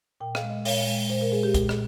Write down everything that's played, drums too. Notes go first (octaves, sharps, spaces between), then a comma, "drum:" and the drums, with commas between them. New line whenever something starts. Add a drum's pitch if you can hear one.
A#2 G5
F5, drum: rim click
G#3
D#5
A#2 C#5, drum: open hi-hat
G#3
A#2 C5
A#4
G#3 G#4
G4
A#2, drum: kick, hi-hat
drum: rim click